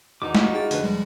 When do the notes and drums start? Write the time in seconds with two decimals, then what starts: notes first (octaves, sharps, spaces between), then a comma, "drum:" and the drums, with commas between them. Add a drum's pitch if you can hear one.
0.22 E2 D#3 D#4 F#4 D6
0.35 F4 G4, drum: snare
0.54 E4 F4 G#4 G5 A6
0.71 F1 D3 D4 B4, drum: hi-hat
0.83 F3 G3 G#3